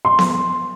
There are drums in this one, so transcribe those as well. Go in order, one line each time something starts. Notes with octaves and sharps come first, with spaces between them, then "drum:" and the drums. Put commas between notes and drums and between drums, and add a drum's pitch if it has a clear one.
C6
drum: snare B3